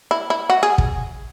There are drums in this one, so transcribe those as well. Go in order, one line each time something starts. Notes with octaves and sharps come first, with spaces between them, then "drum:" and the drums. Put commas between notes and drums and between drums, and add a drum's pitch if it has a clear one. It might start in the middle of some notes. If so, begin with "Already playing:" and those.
E4
E4
F#4
G#4
drum: kick